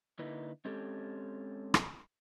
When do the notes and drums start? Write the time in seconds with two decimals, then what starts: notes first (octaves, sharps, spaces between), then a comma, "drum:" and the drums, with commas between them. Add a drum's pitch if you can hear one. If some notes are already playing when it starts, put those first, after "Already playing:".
0.19 D3 A#3 D#4 E4 B4
0.65 G#3 C4 C#4 G4 A4
1.74 drum: rim click